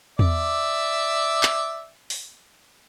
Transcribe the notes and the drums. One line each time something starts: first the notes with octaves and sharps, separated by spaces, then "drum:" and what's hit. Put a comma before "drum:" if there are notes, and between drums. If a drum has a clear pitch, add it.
D5 E5, drum: tom E2
drum: clap
drum: open hi-hat